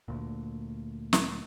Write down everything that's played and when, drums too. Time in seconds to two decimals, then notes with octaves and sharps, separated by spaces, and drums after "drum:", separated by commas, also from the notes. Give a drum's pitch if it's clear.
0.08 D2 A#2
1.13 drum: snare